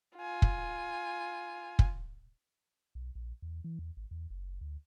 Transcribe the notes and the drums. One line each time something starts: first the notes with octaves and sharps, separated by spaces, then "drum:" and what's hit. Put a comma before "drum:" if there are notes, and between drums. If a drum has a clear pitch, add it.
F4 G#5
drum: kick
drum: kick
B1
A#1
E2
E3
E2
G#1
E2
F#1
D2